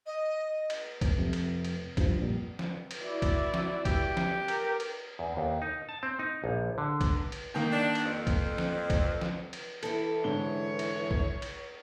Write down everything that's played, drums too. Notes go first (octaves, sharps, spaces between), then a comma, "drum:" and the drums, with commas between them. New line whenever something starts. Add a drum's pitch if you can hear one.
D#5
drum: cymbal
drum: kick, cymbal
F2 C3 A3
drum: cymbal
drum: cymbal
G2 F3, drum: kick, cymbal
F2 A#2 G3
drum: snare
drum: cymbal
E4 F#4 D5
drum: kick, cymbal
drum: snare
G4, drum: kick, cymbal
drum: snare
A#4, drum: cymbal
drum: cymbal
E2
D#2
D#4
A5
C4
D#4
A#1
D3
drum: kick, cymbal
drum: cymbal
D#3 A#3 G5
D4
drum: cymbal
F2
drum: kick, cymbal
drum: snare
drum: kick, cymbal
drum: snare
drum: cymbal
E3 E4 A4, drum: cymbal
G#2 D3 C#5 G7
drum: cymbal
drum: kick
drum: cymbal